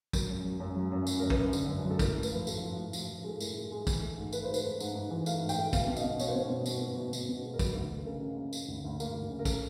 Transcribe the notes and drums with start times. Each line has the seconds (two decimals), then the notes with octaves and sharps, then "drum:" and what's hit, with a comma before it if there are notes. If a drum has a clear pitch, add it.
0.13 F#3 A#4, drum: kick, tambourine
0.29 F#2
0.44 F#3
0.60 F#2
0.76 F#3
0.92 F#2
1.07 F#2, drum: tambourine
1.19 F#2 A#4
1.30 B4, drum: kick
1.38 F#2
1.53 D3, drum: tambourine
1.68 F#2
1.85 F#3
1.91 A4
1.99 A2 A#4, drum: kick, tambourine
2.16 A2
2.23 B4, drum: tambourine
2.32 F3
2.47 F3 A4, drum: tambourine
2.62 F3
2.78 A2
2.93 F3, drum: tambourine
3.09 F3
3.24 G#3 A4
3.40 A2 A#4, drum: tambourine
3.56 G#3
3.72 G#3
3.87 E3, drum: kick, tambourine
4.02 A3
4.18 G#2
4.33 A3 B4, drum: tambourine
4.44 G#2 C5
4.54 B4, drum: tambourine
4.64 A3
4.80 G#2, drum: tambourine
4.95 G#2
5.11 E3
5.26 A3 F5, drum: tambourine
5.42 G#2
5.49 G5, drum: tambourine
5.58 A3
5.73 B2 F5, drum: kick, tambourine
5.88 B2
5.97 D#5, drum: tambourine
6.04 B2
6.19 B2 C#5, drum: tambourine
6.28 C5
6.35 B2 C#5
6.50 B2
6.66 B2, drum: tambourine
6.81 B3
6.97 B2
7.13 B2, drum: tambourine
7.29 B2
7.44 G#3
7.54 A#4
7.59 F#3 B4, drum: kick, tambourine
7.76 D2
7.90 D2
7.98 A4
8.06 C#3 A#4
8.22 C#3
8.37 A#3
8.53 A#3, drum: tambourine
8.68 D2
8.84 D2
9.00 A#3 A#4, drum: tambourine
9.15 D2
9.30 C#3
9.39 A#4
9.45 A4, drum: kick, tambourine